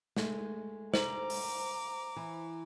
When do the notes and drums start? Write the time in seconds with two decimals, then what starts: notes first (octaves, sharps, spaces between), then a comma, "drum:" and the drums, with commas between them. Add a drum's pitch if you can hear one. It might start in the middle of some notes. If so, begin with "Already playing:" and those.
0.16 G#3 A3, drum: snare
0.94 C5 A#5 D6, drum: snare
1.30 drum: open hi-hat
2.16 E3